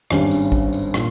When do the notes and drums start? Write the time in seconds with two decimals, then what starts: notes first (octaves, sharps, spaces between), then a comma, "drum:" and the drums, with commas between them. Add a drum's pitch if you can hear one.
0.11 G#1 G2 G3 C#4, drum: rim click
0.31 drum: tambourine
0.52 drum: kick A1
0.73 drum: tambourine
0.94 A#2, drum: rim click